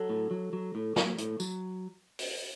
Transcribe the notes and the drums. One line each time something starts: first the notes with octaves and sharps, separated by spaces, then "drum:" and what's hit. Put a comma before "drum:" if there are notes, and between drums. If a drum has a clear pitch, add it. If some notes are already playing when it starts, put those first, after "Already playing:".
Already playing: F#3 A4
A2
F#3
F#3
A2
F#3, drum: snare
A2, drum: hi-hat
F#3, drum: tambourine
drum: open hi-hat